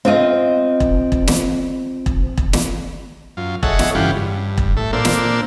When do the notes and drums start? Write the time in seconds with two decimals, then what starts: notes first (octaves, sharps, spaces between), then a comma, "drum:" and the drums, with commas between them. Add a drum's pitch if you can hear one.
0.05 C4 F4 D#5
0.80 drum: kick E1
1.12 drum: kick E1
1.28 drum: snare
2.06 drum: kick E1
2.38 drum: kick E1
2.53 drum: snare
3.37 F#2 F4
3.63 G#4 A4 C#5 D#5 E5 F#5, drum: kick E1
3.79 drum: snare
3.95 G2 C#3 E3 F4 G4 F#5
4.17 G2
4.58 drum: kick E1
4.77 A2 A4 E5
4.93 A#2 A#3 D4 C5 E6
5.05 drum: snare